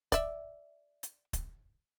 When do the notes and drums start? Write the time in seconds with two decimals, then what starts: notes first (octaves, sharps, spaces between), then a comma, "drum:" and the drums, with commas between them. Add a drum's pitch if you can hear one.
0.12 D5 E5, drum: kick, hi-hat
1.03 drum: hi-hat
1.33 drum: kick, hi-hat